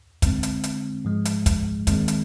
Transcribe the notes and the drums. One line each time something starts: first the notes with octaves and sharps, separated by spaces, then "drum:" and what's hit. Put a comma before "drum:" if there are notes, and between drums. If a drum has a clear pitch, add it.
D3 G#3 C4, drum: kick, hi-hat
drum: hi-hat
drum: hi-hat
G#2 F3 G#3
drum: hi-hat
drum: kick, hi-hat
D#2 D#3 G#3 C4, drum: kick, hi-hat
drum: hi-hat